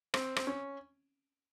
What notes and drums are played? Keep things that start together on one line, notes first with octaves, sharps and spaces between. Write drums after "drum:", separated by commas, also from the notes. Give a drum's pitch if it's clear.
C4, drum: rim click
C4, drum: rim click
C#4